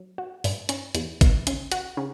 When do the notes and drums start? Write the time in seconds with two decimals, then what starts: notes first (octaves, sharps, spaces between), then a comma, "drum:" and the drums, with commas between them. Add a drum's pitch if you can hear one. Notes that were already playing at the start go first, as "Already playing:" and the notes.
Already playing: F#3
0.18 F#4
0.44 G2, drum: open hi-hat
0.69 C#4, drum: hi-hat
0.95 E2, drum: hi-hat
1.21 E2, drum: kick G#1, hi-hat
1.47 C#3, drum: hi-hat
1.72 F#4, drum: hi-hat
1.97 C#3